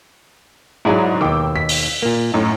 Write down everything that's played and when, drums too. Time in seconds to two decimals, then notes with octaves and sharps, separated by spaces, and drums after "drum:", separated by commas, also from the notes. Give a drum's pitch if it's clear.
0.85 G#2 F#3 E4 G#4 D5
1.21 D#2 B2 D#3 G5 D6 E6
1.56 B6
1.69 drum: open hi-hat
2.02 A#2 A#3
2.34 F#2 A2 D#4